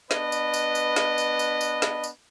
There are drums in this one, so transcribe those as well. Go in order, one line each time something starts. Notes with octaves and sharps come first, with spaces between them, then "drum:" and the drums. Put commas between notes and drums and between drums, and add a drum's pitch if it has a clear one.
B3 D4 B4 D#5, drum: snare
drum: tambourine
drum: tambourine
drum: tambourine
drum: snare
drum: tambourine
drum: tambourine
drum: tambourine
drum: snare
drum: tambourine